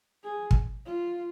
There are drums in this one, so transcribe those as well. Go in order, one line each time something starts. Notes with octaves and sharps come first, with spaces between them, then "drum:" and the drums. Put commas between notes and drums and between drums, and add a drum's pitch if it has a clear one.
G#4
drum: kick
F4